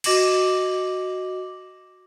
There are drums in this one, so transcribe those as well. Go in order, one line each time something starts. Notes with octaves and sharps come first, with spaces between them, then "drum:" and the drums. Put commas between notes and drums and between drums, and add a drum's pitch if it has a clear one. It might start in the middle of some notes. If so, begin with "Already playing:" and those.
F#4 D#5 D6 A#6 E7 F#7, drum: cymbal